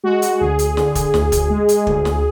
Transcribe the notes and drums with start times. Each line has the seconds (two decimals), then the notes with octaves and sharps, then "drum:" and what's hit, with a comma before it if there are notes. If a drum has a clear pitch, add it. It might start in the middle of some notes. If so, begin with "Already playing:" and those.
0.03 G#3 F#4
0.22 drum: hi-hat
0.40 D2 G#4
0.59 drum: hi-hat
0.77 D3, drum: snare
0.95 drum: kick, hi-hat
1.14 D2, drum: snare
1.32 drum: kick, hi-hat
1.50 G#3
1.69 drum: hi-hat
1.87 D2, drum: kick
2.05 drum: snare